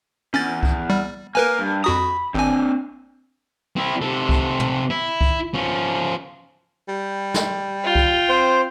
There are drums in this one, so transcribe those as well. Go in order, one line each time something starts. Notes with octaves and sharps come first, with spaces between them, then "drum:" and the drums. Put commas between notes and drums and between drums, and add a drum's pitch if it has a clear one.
E2 C#4 A6
drum: kick C2
G3
A#3 A#4 B4 G#5
G2
F2 F#4 A#5 B5 D#6
G#1 C4 D4 G#5
C4 E4
C3 A4
drum: kick C2
drum: tom
E4
drum: kick C2
F3 C#4
G3
drum: snare
F4 G5
drum: kick C2
C4 C5